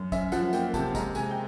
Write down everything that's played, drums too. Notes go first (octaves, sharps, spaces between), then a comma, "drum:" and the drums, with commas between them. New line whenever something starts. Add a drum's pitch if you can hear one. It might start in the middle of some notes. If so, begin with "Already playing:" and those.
Already playing: F#2
C#4 E5, drum: kick, tambourine
F3 F#5, drum: tambourine
A#3 G5, drum: tambourine
C3 A5, drum: kick, tambourine
G#3 A#5, drum: kick, tambourine
C3 G#5, drum: tambourine
G5